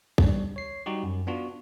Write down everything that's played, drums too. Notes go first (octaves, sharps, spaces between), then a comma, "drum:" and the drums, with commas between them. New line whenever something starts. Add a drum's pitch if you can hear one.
G3 D4, drum: kick
C#5 C7
G3 D#4 F#4 G4
F#2
B3 D4 F4 F#4